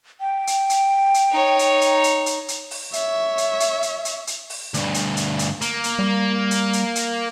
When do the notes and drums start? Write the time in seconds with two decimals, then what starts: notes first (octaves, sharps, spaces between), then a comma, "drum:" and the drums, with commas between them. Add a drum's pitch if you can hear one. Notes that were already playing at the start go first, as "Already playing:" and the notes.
0.20 G5
0.47 drum: hi-hat
0.70 drum: hi-hat
1.14 drum: hi-hat
1.31 D#4 C#5
1.59 drum: hi-hat
1.81 drum: hi-hat
2.04 drum: hi-hat
2.26 drum: hi-hat
2.48 drum: hi-hat
2.71 drum: open hi-hat
2.93 C#5 E5, drum: hi-hat
3.38 drum: hi-hat
3.60 drum: hi-hat
3.83 drum: hi-hat
4.05 drum: hi-hat
4.27 drum: hi-hat
4.50 drum: open hi-hat
4.74 D2 G2, drum: hi-hat
4.94 drum: hi-hat
5.17 drum: hi-hat
5.39 drum: hi-hat
5.61 A#3, drum: hi-hat
5.84 drum: hi-hat
5.99 G3
6.51 drum: hi-hat
6.73 drum: hi-hat
6.95 drum: hi-hat